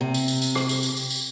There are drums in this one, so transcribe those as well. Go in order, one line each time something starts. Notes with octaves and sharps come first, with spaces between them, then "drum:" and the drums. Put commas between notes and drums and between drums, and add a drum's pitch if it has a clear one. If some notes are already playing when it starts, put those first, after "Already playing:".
C3
drum: tambourine
drum: tambourine
drum: tambourine
drum: rim click
drum: tambourine
drum: tambourine
drum: tambourine
drum: tambourine